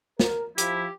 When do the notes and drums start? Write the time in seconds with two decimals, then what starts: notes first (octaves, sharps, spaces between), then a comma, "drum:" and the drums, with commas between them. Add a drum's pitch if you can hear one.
0.19 A#4, drum: snare
0.58 F3 E4 G4, drum: hi-hat